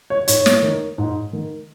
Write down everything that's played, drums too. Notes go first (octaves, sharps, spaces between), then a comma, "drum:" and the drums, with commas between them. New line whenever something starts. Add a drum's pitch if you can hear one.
C#5
G#2 C#5, drum: hi-hat
drum: snare
D#3
G#2
D#3